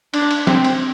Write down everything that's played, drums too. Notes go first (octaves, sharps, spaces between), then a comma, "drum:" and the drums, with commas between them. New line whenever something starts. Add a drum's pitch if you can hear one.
D4, drum: cymbal
drum: cymbal
C4, drum: snare
drum: cymbal